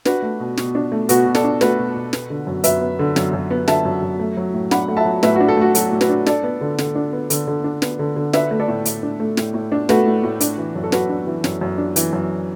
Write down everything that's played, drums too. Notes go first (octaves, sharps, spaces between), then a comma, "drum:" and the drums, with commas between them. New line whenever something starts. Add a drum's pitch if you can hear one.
D4 F#4 B4, drum: snare
A3
B2
B2, drum: snare
D4
A3
B2 F#4 B4, drum: hi-hat
B2
A4 D5, drum: snare
D4
A3 F#4 B4, drum: snare
B2
B2
B3, drum: snare
D3
F#2
F#2 B4 E5, drum: hi-hat
B3
D3
F#2, drum: snare
F#2
B3
D3 E5 A5, drum: snare
F#2
F#2
A3
F#3
A2
D4 F#5 B5, drum: snare
A3
E5 A5
F#3
A2 B4 E5, drum: snare
D4 F#4
A4
A3 F#4
F#3 A4, drum: hi-hat
A2
F#4 B4, drum: snare
D4
D4 A4 D5, drum: snare
B3
D3
D3, drum: snare
D4
B3
D3, drum: hi-hat
D3
D4
B3, drum: snare
D3
D3
D4 B4 E5, drum: snare
A3
A4 D5
A2
A2, drum: hi-hat
D4
A3
A2, drum: snare
A2
D4
A3 F#4 B4, drum: snare
A2
A2
D4, drum: hi-hat
E3
F#2
A4
F#2 F#4 B4, drum: snare
D4
E3
F#2, drum: snare
F#2
D4
E3, drum: hi-hat
F#2